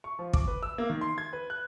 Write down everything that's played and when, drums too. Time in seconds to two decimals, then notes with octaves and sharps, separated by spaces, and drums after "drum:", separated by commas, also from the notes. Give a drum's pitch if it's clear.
0.04 C#6
0.19 F3
0.33 D6, drum: kick
0.47 B4
0.63 E6
0.78 A#3
0.90 D#3
1.01 C6
1.18 G#6
1.33 B4
1.50 F#6